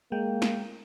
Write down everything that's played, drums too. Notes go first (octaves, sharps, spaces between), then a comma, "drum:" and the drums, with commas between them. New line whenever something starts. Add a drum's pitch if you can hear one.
G#3 A#3 G5
drum: snare